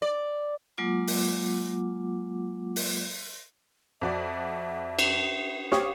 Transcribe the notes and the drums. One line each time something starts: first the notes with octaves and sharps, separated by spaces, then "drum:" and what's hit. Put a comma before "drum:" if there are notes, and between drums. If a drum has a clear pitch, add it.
D5
F#3 G#3 A#3 F4 F#5 D6
drum: open hi-hat
drum: open hi-hat
F2 F#4 D5 E5
drum: cymbal
G4 C5 C#5 F5 C#6 D#6, drum: snare